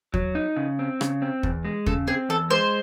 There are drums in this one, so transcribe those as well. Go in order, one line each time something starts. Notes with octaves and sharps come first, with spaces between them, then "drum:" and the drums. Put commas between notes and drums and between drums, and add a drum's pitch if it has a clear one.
F#3, drum: kick
D#4
C#3
C4
C#3, drum: rim click
C4
E2, drum: kick
G#3
C#3 A4, drum: kick
C4 G#4
E2 A4
G#3 C5